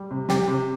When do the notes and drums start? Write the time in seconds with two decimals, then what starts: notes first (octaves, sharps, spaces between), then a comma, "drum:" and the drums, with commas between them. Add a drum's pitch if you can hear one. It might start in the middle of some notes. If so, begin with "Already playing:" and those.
Already playing: G3
0.11 C3
0.29 C3 G4, drum: snare
0.48 C3